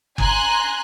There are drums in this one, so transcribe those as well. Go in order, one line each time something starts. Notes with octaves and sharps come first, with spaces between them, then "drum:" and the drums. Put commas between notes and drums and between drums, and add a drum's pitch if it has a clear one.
G#5 A#5 C6 F#6, drum: kick F#1